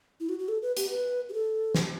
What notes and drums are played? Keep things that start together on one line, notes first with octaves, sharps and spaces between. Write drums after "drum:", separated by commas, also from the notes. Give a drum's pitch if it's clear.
E4
F#4
F#4
A4
B4
G4, drum: hi-hat
B4
G4
A4
drum: snare